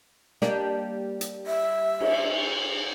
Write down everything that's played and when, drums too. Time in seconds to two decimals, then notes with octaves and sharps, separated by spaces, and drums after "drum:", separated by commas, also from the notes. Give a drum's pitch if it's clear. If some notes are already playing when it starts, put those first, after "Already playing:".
0.42 G3 A#3 D4, drum: snare
1.21 drum: hi-hat
1.47 E5
2.01 drum: cymbal